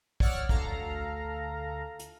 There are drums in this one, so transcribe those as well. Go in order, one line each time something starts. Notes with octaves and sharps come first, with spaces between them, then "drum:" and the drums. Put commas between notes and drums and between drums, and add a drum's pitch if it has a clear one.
C#5 D5 F#5 E6 F6, drum: kick
D2 A4 F5 A#5, drum: kick
drum: hi-hat